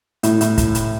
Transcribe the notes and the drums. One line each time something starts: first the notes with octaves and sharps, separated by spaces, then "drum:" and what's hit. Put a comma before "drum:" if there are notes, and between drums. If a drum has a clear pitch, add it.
A2, drum: hi-hat
A2, drum: hi-hat
drum: kick, hi-hat
drum: hi-hat